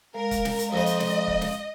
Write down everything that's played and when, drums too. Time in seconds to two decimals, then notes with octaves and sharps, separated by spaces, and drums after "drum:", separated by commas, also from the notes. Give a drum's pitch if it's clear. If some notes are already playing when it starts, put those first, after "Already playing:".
0.14 G#3 A#4 F5
0.31 drum: kick, hi-hat
0.45 drum: snare
0.59 drum: hi-hat
0.73 F2 C5 D#5
0.86 drum: hi-hat
1.00 drum: snare
1.28 drum: kick
1.41 drum: snare